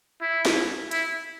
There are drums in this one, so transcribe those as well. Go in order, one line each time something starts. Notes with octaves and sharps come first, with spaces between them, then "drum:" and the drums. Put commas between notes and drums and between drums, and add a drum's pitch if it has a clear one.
E4
drum: snare
E4, drum: hi-hat